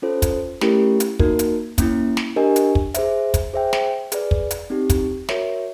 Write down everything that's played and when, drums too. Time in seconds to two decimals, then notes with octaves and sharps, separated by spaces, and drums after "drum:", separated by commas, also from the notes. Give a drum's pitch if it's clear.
0.02 C#4 F4 A4 C5
0.22 drum: kick, hi-hat
0.61 A3 C#4 E4 G4 A#4, drum: snare
1.00 drum: hi-hat
1.19 A#3 D#4 F#4 A#4, drum: kick
1.39 drum: hi-hat
1.78 A#3 C#4 E4, drum: kick, hi-hat
2.17 drum: snare
2.36 D4 G4 A#4 D#5 G#5
2.56 drum: hi-hat
2.75 drum: kick
2.94 G#4 C5 E5, drum: hi-hat
3.34 drum: kick, hi-hat
3.53 G#4 C5 E5 G5
3.73 drum: snare
4.12 G#4 B4 D5, drum: hi-hat
4.31 drum: kick
4.51 drum: hi-hat
4.70 C4 D#4 G4
4.90 drum: kick, hi-hat
5.29 F#4 A#4 C#5 E5, drum: snare